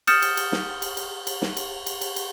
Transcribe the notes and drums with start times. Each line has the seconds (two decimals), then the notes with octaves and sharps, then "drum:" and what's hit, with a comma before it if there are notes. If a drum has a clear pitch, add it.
0.07 D#6 F6 G6 A6 C#7 E7, drum: cymbal
0.22 drum: cymbal
0.37 drum: cymbal
0.52 drum: snare
0.82 drum: cymbal
0.97 drum: cymbal
1.27 drum: cymbal
1.42 drum: snare
1.57 drum: cymbal
1.87 drum: cymbal
2.01 drum: cymbal
2.16 drum: cymbal